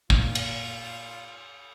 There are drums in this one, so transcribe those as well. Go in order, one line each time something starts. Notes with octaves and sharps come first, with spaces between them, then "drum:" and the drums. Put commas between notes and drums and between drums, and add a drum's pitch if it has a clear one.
A#2 F4, drum: kick
drum: cymbal